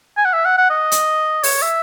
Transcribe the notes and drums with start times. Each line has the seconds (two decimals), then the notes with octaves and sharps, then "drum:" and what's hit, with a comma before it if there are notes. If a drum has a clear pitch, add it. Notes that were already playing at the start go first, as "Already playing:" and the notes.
0.17 G#5
0.25 F#5
0.33 E5
0.45 F#5
0.58 F#5
0.70 D#5
0.92 drum: hi-hat
1.43 C#5, drum: open hi-hat
1.62 E5